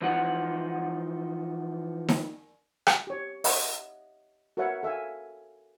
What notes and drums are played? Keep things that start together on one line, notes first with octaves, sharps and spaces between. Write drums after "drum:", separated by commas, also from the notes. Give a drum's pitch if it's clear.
E3 F3 D#4 F#4 F#5
drum: snare D#4
drum: rim click
G4 C#5
D#5 E5 F#5, drum: open hi-hat
F#4 A#4 B4 C#5 E5 F#5
A4 E5 F5 G#5